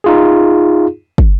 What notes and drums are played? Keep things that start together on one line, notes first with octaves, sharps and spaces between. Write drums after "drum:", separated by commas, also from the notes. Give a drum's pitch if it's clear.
D#4 F4 G#4
drum: kick